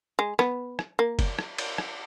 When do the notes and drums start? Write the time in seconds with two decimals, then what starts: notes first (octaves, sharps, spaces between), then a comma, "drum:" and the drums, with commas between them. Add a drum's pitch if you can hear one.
0.19 G#3
0.39 B3, drum: rim click
0.79 drum: rim click
0.99 A#3
1.19 drum: kick, cymbal
1.39 drum: rim click
1.58 drum: cymbal
1.78 drum: rim click